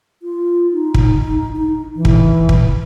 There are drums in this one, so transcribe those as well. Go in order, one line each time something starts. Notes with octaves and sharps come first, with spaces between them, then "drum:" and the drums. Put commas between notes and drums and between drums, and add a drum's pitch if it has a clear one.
F4
D#4
drum: kick
D#4
E3
drum: kick
drum: kick